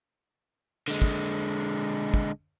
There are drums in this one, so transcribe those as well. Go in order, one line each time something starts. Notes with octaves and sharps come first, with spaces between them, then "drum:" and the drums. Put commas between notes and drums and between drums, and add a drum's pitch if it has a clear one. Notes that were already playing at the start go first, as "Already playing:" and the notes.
D3 G#3
drum: kick
drum: kick